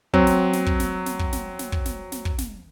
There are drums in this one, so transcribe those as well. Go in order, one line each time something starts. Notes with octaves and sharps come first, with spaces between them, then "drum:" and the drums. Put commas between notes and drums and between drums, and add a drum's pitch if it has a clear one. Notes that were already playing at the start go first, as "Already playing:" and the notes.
F#3 C4, drum: kick
drum: snare
drum: snare
drum: kick
drum: snare
drum: snare
drum: kick
drum: snare
drum: snare
drum: kick
drum: snare
drum: snare
drum: kick
drum: snare